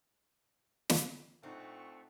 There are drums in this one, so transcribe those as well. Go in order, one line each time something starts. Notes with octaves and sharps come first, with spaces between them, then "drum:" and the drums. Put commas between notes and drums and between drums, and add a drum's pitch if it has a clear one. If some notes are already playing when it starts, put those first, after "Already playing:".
drum: snare
A#2 A3 C4 D4 D#4 F#5 C#6